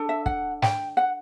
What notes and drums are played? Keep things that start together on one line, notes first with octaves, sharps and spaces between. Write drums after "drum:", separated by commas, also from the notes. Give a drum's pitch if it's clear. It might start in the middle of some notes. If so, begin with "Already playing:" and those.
Already playing: D4 A4
E5
F#5, drum: kick
G5, drum: snare
F#5